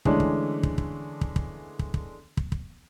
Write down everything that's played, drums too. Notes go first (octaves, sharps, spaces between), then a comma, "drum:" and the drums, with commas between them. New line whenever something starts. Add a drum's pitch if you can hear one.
D3 E3 G#3 A3 C#4 D4, drum: kick
drum: kick
drum: kick
drum: kick
drum: kick
drum: kick
drum: kick
drum: kick
drum: kick
drum: kick